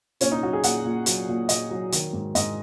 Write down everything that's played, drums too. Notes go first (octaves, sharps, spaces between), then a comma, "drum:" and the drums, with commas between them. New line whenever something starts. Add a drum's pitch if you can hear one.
A#2 C#4, drum: hi-hat
D#4
F#3 F#4
G#4
A#2 F#5, drum: hi-hat
A#2
F#3, drum: hi-hat
A#2
A#2 D#5, drum: hi-hat
F#3
D#3, drum: hi-hat
G#2
G#2 D#5, drum: hi-hat